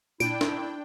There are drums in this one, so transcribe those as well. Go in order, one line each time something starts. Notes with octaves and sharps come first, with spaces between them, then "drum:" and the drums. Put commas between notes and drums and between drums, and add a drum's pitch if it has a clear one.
A#2 D4 E4 G5 D7, drum: tambourine
drum: snare